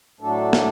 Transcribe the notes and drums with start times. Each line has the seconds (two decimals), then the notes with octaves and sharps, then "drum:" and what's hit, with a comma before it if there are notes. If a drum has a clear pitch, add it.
0.20 A2 F#3 A3 D4 A4
0.53 drum: snare